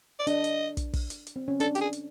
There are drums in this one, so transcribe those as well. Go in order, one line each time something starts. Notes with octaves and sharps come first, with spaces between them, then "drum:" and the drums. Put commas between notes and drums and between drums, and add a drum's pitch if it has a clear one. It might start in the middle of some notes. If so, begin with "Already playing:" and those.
D5
D4 D#5, drum: hi-hat
drum: hi-hat
drum: kick, hi-hat
drum: kick, open hi-hat
drum: hi-hat
drum: hi-hat
C4
C#4
D4 A4, drum: hi-hat
G4, drum: hi-hat
G#4
drum: hi-hat